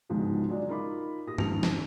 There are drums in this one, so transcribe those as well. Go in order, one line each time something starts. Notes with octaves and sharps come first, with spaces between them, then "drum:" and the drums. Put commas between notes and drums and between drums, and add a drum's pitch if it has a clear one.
C#2 G#2 B2 D3 F3 G#3
F#3 G#3 D4 D#4 F4 D5
D#4 F4 A#4 D#5 B5 D6
A#2 G4 D#6 A#6
D#1 G#2 F3 A5 F7, drum: tom G2
drum: snare